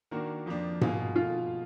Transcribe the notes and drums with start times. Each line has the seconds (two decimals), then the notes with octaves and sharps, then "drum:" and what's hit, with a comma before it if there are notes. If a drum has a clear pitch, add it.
0.11 D#3 A#3 D4 F#4 A#4
0.46 F2 F3 A#3 D4
0.81 B2 A#3 F4 G#4, drum: tom G#2
1.16 F4